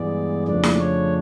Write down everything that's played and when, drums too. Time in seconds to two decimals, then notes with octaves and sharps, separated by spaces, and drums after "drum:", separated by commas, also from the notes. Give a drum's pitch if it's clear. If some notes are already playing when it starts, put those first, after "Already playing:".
Already playing: G2 E3 G#3 B3 D5
0.47 F2 C#3 F3 A3 D4 D5
0.63 drum: snare E4
0.80 C#5